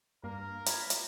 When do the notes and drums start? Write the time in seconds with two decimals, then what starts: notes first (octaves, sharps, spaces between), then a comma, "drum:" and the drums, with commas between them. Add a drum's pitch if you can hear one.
0.24 G2 A#3 A#4
0.66 A#5 B5 G#6, drum: hi-hat
0.90 drum: hi-hat